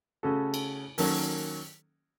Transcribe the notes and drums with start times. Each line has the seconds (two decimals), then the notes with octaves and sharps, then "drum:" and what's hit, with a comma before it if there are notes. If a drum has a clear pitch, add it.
0.23 C#3 A3 C#4 F#4 A4
0.54 drum: cymbal
0.98 D#3 F#3 A#3 C#4 A4, drum: open hi-hat